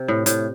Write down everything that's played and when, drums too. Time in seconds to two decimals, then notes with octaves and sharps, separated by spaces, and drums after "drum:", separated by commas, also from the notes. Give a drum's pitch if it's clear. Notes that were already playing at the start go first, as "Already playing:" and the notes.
Already playing: C3
0.08 A2
0.26 A2, drum: hi-hat